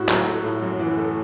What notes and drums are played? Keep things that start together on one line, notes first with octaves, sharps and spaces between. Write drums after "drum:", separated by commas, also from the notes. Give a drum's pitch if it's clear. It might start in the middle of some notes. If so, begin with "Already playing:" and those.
Already playing: A2 F#4
F#3, drum: clap
A3
A2
F#2
E3
A3